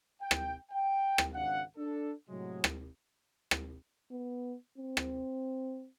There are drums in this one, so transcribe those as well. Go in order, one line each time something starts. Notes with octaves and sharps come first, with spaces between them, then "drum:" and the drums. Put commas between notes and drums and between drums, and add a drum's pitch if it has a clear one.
G5
drum: rim click
G5
drum: rim click
G#1 C#2 D4 F5 F#5
D4 A4
A2 C3 F#3 G#3
drum: rim click
drum: rim click
B3
C4
drum: rim click